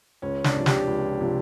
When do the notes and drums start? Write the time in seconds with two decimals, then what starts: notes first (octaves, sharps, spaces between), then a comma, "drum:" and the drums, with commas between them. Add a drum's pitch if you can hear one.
0.22 C#2 C#4
0.44 D4, drum: snare
0.56 C3 F3
0.66 G4, drum: snare
0.87 C#2
1.21 C3 F3